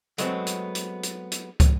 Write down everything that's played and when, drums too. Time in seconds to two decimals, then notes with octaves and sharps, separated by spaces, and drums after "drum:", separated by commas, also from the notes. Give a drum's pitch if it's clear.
0.18 F#3 G#3 A3 B3 C4, drum: hi-hat
0.47 drum: hi-hat
0.75 drum: hi-hat
1.03 drum: hi-hat
1.32 drum: hi-hat
1.60 drum: kick, hi-hat